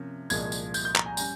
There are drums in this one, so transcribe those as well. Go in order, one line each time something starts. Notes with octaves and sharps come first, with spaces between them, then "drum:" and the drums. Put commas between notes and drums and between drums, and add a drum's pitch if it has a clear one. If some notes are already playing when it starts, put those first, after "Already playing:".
Already playing: C3 F3 A#3 C#4
C2 A#2 F3 G#3 G#6, drum: tambourine
drum: tambourine
G6, drum: tambourine
G6
A#5, drum: clap
G#5
G3 C#4 G#5, drum: tambourine